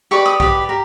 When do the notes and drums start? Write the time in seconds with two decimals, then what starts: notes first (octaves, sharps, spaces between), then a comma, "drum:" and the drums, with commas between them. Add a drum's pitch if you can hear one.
0.11 G4 B4 D5 C#6
0.26 D#6
0.40 G4 B4 D5, drum: kick A#1
0.69 G4 A#4